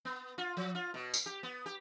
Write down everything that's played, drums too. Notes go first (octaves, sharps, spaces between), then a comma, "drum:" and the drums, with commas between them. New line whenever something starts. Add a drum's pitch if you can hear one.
B3
F4
F3
F4
B2
drum: tambourine
G4
B3
G4